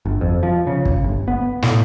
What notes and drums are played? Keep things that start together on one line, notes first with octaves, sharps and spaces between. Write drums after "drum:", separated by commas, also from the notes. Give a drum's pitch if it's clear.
G1
F2
F3
C#3
drum: kick
G1
B3
A2, drum: snare